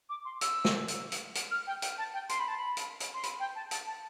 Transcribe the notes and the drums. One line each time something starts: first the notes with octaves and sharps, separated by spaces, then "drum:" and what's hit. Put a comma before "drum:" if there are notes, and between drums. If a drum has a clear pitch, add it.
D6
C6
E6, drum: hi-hat
drum: snare
drum: hi-hat
drum: hi-hat
drum: hi-hat
F6
G5
G5, drum: hi-hat
A5
G5
C6, drum: hi-hat
B5
A5
B5
drum: hi-hat
drum: hi-hat
C6
B5, drum: hi-hat
G5
A5
A5, drum: hi-hat
A5